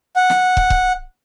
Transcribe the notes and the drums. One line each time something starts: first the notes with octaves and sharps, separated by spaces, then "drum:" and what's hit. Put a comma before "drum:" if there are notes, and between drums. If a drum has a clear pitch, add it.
F#5
drum: snare
drum: kick
drum: kick